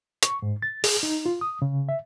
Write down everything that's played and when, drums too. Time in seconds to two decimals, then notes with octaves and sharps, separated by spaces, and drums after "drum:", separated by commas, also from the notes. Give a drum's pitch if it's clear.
0.23 C#6, drum: hi-hat
0.42 G#2
0.62 A6
0.84 G#4, drum: open hi-hat
1.03 D#4
1.26 F4
1.41 D#6
1.62 C#3
1.89 E5